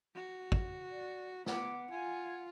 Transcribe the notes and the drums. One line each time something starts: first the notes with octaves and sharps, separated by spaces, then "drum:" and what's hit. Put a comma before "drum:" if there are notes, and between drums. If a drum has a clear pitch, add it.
F#4
drum: kick
D5
B3 F#5 D6, drum: snare
F4 G#5